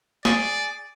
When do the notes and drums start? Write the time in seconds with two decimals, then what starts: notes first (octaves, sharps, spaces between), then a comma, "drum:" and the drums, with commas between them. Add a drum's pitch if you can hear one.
0.25 G#4 D5, drum: snare